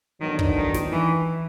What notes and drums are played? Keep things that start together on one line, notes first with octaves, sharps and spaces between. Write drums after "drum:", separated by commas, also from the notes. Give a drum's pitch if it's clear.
A2 D#3 F#3 B3 D4
drum: kick
D#3
drum: snare
E3